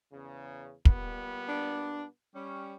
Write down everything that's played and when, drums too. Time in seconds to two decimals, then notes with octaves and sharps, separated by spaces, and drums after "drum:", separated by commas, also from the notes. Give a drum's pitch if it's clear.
0.12 E2 C#3
0.85 A#2 G3 B3, drum: kick
1.48 D4
2.35 G3 C#4